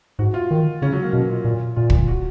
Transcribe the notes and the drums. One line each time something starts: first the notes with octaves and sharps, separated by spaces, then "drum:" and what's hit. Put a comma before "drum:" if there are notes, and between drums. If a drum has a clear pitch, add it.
G#2 F#4
F4
D#3
C#3 C#4
F#3
A#3
B2 C#4
F4
A#2 F4
A#2 F4
drum: kick
F#4